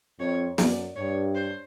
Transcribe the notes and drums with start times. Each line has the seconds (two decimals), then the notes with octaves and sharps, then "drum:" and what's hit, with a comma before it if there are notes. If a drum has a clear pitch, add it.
0.20 F2 C#5
0.58 F#2 D5, drum: snare
0.96 G2 C#5
1.35 C5